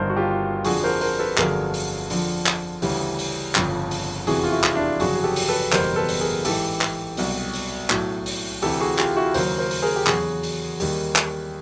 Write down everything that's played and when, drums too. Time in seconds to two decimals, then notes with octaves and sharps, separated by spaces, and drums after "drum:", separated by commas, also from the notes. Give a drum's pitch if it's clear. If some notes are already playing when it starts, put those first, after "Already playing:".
Already playing: G1 G2 D#3 A#4 C5
0.10 F#4
0.16 F4 G4
0.65 F2 D3 F3 F#4 G#4, drum: open hi-hat
0.84 A#4 C5
1.01 A#4 C5, drum: open hi-hat
1.19 A4 B4
1.37 G1 F2 D3 F#3 G#4 A#4, drum: clap
1.74 drum: open hi-hat
2.10 F2 D3 F3, drum: open hi-hat
2.46 drum: clap
2.82 D2 C#3 E3 G3, drum: open hi-hat
3.19 drum: open hi-hat
3.55 G1 F2 C#3 F3, drum: clap
3.91 drum: open hi-hat
4.27 F1 E2 C3 E3 F#4 G#4, drum: open hi-hat
4.43 F4
4.52 E4 F#4
4.64 drum: clap
4.75 D4 E4
5.00 G1 F2 C#3 F#3 F#4 G#4, drum: open hi-hat
5.15 G#4
5.24 G4 A4
5.36 drum: open hi-hat
5.48 A4 B4
5.72 F#1 E2 B2 G3 A#4 C5, drum: clap
5.96 A4 B4
6.09 drum: open hi-hat
6.20 G#4 A#4
6.45 A1 G#2 E3 G4 A4, drum: open hi-hat
6.81 drum: clap
7.17 C2 B2 F#3, drum: open hi-hat
7.54 drum: open hi-hat
7.90 B1 A2 F#3, drum: clap
8.26 drum: open hi-hat
8.62 D2 C3 E3 G4 A4, drum: open hi-hat
8.80 F#4 G#4
8.98 F4 G4, drum: clap
9.17 E4 F#4
9.34 D#2 C#3 F#3 A#4 C5, drum: open hi-hat
9.58 A#4 C5
9.71 drum: open hi-hat
9.82 G#4 A#4
9.96 G4
10.07 E2 C#3 F#3 F#4 G#4, drum: clap
10.43 drum: open hi-hat
10.80 D#2 D#3 G3, drum: open hi-hat
11.16 drum: clap